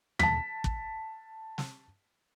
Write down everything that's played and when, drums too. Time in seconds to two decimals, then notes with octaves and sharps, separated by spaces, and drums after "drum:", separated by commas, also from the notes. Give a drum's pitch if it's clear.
0.19 A5 B6, drum: tom
0.64 drum: kick
1.58 drum: snare